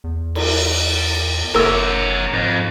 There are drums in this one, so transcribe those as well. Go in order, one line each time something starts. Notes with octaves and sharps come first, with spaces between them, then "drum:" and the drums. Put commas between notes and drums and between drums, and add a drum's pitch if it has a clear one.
E2
drum: cymbal
F#1 A#3 A#4 C#5 E6
F2 G#2